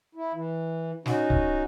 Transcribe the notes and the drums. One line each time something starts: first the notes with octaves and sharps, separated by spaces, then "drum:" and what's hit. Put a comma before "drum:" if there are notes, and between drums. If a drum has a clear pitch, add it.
E4
E3
C#4 D#4 F#4, drum: snare
drum: kick C#1